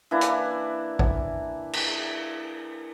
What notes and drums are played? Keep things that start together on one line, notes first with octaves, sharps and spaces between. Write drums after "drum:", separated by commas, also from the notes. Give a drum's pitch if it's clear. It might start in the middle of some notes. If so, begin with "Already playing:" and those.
E3 A#3 D4 E4
drum: hi-hat
drum: kick A1
drum: cymbal